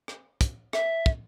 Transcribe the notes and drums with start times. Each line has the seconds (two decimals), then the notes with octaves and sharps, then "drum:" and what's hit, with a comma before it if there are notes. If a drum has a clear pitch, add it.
0.08 drum: rim click
0.41 drum: kick, hi-hat
0.73 E5, drum: rim click
1.06 drum: kick